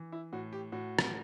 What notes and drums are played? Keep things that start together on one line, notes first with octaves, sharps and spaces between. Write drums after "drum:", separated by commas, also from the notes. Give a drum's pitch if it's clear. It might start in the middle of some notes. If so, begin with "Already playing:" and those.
Already playing: E3
E4
A2 F#4
G4
A2 F#4
drum: rim click